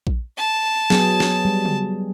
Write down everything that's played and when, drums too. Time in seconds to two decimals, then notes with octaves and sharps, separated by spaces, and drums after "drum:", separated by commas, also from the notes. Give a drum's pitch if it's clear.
0.07 drum: kick A#1
0.37 A5
0.90 F#3 B3 G#4, drum: snare
1.20 drum: snare
1.45 G3
1.65 drum: tom C#3